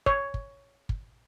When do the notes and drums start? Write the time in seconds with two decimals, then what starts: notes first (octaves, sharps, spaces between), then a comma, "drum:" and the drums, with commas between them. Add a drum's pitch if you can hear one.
0.06 C#5, drum: kick
0.34 drum: kick
0.89 drum: kick